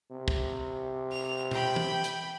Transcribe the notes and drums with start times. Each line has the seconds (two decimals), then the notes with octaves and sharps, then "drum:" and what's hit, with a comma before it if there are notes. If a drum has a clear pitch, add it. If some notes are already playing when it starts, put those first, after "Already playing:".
0.11 C3
0.28 drum: kick
1.12 F7
1.51 G5 B5, drum: tom B2
1.76 drum: tom
2.04 drum: hi-hat